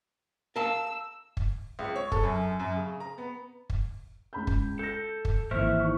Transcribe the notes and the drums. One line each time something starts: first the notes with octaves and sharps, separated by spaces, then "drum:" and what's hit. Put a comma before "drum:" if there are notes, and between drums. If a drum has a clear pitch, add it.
A#4 F5 A5 E6
drum: kick
C#2
C#5
A4, drum: kick
F#2
F#2
C#3
A#5
B3
drum: kick
C#2 B5 G6
drum: kick
A4 G6 A#6
drum: kick
G#1 E3 A#3 C5 E5 C#6 F6
E4 C#6